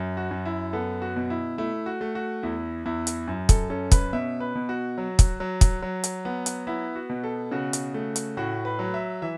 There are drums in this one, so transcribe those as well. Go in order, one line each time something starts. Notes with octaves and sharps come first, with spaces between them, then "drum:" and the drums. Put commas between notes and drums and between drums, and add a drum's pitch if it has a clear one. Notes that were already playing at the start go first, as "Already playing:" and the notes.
Already playing: F#2
F#4
F#2
E4
B3 A4
F#4
B2
E4
A3 E4
F#4
A3
F#4
E2 E4
E2 E4
drum: hi-hat
F#2
A4, drum: kick, hi-hat
C#4 A4
B4, drum: kick, hi-hat
B2 E5
B4
B2
F#4
F#3
drum: kick, hi-hat
F#3
drum: kick, hi-hat
F#3
drum: hi-hat
B3
drum: hi-hat
B3 E4
F#4
B2
A4
C#3 F#4
drum: hi-hat
A3
drum: hi-hat
A2 F#4
B4
F#3
E5
E3 E5